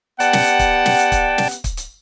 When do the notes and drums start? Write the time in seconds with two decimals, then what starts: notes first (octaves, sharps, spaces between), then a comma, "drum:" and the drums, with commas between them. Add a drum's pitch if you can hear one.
0.20 B3 G4 D5 F#5 G5 A5, drum: hi-hat
0.33 drum: snare
0.46 drum: hi-hat
0.59 drum: kick, hi-hat
0.86 drum: snare
0.99 drum: hi-hat
1.12 drum: kick, hi-hat
1.38 drum: snare
1.51 drum: hi-hat
1.64 drum: kick, hi-hat
1.77 drum: hi-hat